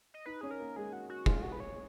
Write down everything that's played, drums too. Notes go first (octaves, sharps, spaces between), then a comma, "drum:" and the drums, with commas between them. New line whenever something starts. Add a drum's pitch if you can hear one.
D#5
D#4 B4
C#4 G#4
A#4
A#3
G#3 G#4
F#4
F#4
G#3 F4, drum: kick F1
F#4
B4
C#5